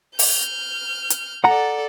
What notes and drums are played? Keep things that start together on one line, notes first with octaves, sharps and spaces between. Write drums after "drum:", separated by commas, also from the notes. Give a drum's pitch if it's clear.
F6 G6, drum: open hi-hat
drum: hi-hat
A4 D5 F#5 A#5